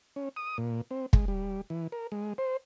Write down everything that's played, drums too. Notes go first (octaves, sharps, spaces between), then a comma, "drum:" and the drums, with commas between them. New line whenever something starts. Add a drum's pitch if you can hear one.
C#4
D#6
A#2
C4
G#3, drum: kick
G3
E3
A#4
G#3
C5